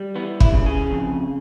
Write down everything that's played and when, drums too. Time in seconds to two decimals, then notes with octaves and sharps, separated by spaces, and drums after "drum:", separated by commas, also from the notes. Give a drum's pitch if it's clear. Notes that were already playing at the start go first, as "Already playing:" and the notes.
Already playing: G3
0.15 E3 B3
0.40 E4, drum: kick
0.53 C#3
0.66 G#4
0.90 F2